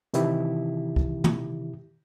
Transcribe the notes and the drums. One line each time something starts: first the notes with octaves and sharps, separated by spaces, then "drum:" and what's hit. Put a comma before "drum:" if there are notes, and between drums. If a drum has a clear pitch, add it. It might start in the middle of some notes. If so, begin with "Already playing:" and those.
C3 D#3 E3 E4 G4, drum: hi-hat
drum: kick C2
drum: tom